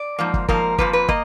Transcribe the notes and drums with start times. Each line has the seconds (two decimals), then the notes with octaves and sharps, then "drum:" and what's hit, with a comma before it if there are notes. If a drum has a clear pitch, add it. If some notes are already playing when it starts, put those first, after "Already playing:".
Already playing: D5
0.19 G#2 F3 A#3
0.34 drum: kick
0.48 G#2 F3 A#3 A#4, drum: kick
0.78 F2 F3 A#3 B4, drum: kick
0.93 B4
1.08 A#3 D#5, drum: kick